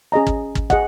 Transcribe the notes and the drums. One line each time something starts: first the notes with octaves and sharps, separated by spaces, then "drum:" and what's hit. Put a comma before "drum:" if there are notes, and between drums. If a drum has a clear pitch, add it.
C#4 G#4 D#5 A#5
drum: kick
drum: kick
G#4 D#5 F#5, drum: kick